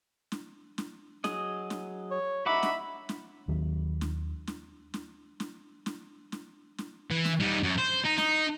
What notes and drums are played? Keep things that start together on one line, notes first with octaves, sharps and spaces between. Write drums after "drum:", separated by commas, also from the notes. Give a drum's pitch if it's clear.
drum: snare
drum: snare
F#3 G#4 D#5, drum: snare
drum: snare
C#5
D#4 F#4 E5 F#5 B5 D6
drum: snare
drum: snare
D#2 D#3 F#3
drum: snare
drum: snare
drum: snare
drum: snare
drum: snare
drum: snare
drum: snare
E3
drum: snare
G3 D#4
F#2
C5
D#4
D#4, drum: snare